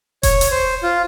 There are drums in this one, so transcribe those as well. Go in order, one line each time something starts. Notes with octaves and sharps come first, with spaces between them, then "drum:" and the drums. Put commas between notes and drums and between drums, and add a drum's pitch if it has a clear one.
C#5, drum: kick E1, hi-hat
drum: hi-hat
C5
F4